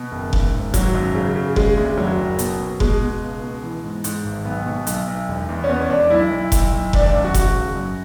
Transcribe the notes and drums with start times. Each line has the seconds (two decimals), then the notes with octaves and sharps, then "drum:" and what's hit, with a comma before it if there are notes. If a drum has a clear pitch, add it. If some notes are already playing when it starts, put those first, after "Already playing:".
Already playing: B2
0.12 F#1
0.33 G#1, drum: kick F1
0.53 G#1
0.74 G#1 F#3, drum: kick F1, hi-hat
0.94 F#2
1.15 C#3
1.36 C#3
1.56 C#3 G#3, drum: kick F1
1.77 D2 G#3
1.98 F#1 F#3
2.18 F#1
2.39 B2, drum: hi-hat
2.60 B2
2.80 B2 G#3, drum: kick F1
3.01 B2
3.22 C#2
3.42 B2
3.63 E3
3.84 G#2
4.04 G#2, drum: hi-hat
4.25 G#1
4.45 B1 B3
4.66 B2
4.87 B1, drum: hi-hat
5.08 B1
5.28 E1
5.49 E2
5.64 C#4
5.69 E2 B3
5.80 C#4
5.90 E1 D4
6.01 D4
6.10 B1 E4
6.31 B1
6.52 B1, drum: kick F1, hi-hat
6.72 B1
6.93 G#1 D4, drum: kick F1
7.03 D4
7.14 F#2
7.24 F#4
7.34 G#1 F#4, drum: kick F1, hi-hat
7.55 C#3
7.76 F#2